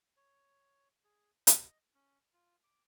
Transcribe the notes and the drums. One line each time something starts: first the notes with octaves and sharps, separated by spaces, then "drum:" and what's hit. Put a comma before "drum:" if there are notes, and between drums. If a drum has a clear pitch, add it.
C#5
G#4
D#5, drum: hi-hat
C#4
F4
D6